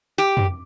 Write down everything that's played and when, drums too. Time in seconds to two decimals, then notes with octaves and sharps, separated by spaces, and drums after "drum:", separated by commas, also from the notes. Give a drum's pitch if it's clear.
0.18 G4
0.37 drum: tom F2